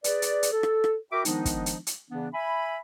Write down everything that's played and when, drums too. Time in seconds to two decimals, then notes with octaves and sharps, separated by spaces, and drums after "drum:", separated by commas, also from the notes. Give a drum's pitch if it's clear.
0.04 G#4 B4 D5, drum: hi-hat
0.22 drum: hi-hat
0.43 drum: hi-hat
0.52 A4
0.63 drum: rim click
0.84 drum: rim click
1.12 F#4 A#4 E5 G5 B5 D6
1.25 D#3 F3 G#3 B3 D4 D#4, drum: hi-hat
1.45 drum: kick, hi-hat
1.66 drum: hi-hat
1.87 drum: hi-hat
2.11 C#3 E3 B3 D4
2.34 E5 G#5 B5